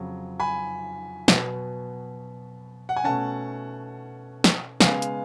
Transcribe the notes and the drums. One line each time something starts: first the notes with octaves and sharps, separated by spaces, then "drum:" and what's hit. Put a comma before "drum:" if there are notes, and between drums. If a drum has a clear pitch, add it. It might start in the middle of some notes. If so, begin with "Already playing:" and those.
Already playing: F2 C#3 F#3
G#5 B5
B2 F#3 B3, drum: snare
F#5
G#5
B2 A3 C#4 F#5 A5
drum: snare
C#3 G#3 B3 F5 G#5, drum: snare
drum: hi-hat